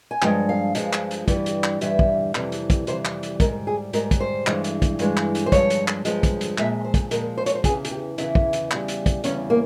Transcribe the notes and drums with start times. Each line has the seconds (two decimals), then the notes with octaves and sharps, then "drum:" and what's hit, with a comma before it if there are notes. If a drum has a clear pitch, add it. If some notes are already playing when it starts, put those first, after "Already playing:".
0.11 G#5
0.22 G2 F3 G#3 G5, drum: clap
0.49 F5
0.75 G2 F3 G#3, drum: hi-hat
0.93 drum: clap
1.11 drum: hi-hat
1.28 G2 E3 G3, drum: kick, hi-hat
1.46 drum: hi-hat
1.64 drum: clap
1.81 G2 E3 G3 E5, drum: hi-hat
1.99 drum: kick
2.35 F2 C3 E3 G3, drum: clap
2.52 drum: hi-hat
2.70 drum: kick, hi-hat
2.87 F2 C3 E3 G3 C5, drum: hi-hat
3.05 drum: clap
3.23 drum: hi-hat
3.40 G#2 G3 A#4, drum: kick, hi-hat
3.67 G#4
3.93 G#2 G3 A#4, drum: hi-hat
4.11 drum: kick, hi-hat
4.20 C5
4.47 G2 E3 G#3, drum: clap
4.64 drum: hi-hat
4.82 drum: kick, hi-hat
4.99 G2 E3 G#3, drum: hi-hat
5.17 drum: clap
5.35 drum: hi-hat
5.46 C5
5.52 G2 F3 G#3 C#5, drum: kick, hi-hat
5.70 drum: hi-hat
5.88 drum: clap
6.05 G2 F3 G#3, drum: hi-hat
6.23 drum: kick, hi-hat
6.41 drum: hi-hat
6.58 A#2 F3 G#3 E5, drum: clap
6.84 C5
6.94 drum: kick, hi-hat
7.11 A#2 F3 G#3 A#4, drum: hi-hat
7.38 C5
7.46 C#5, drum: hi-hat
7.55 C5
7.64 E2 C#3 E3 G#4, drum: kick, hi-hat
7.85 G#4, drum: hi-hat
7.91 G4
8.18 E2 C#3 E3 E4, drum: hi-hat
8.35 drum: kick
8.53 drum: hi-hat
8.71 E2 C#3 G3, drum: clap
8.88 drum: hi-hat
9.06 drum: kick, hi-hat
9.24 E2 C#3 G3 C#4, drum: hi-hat
9.50 A#3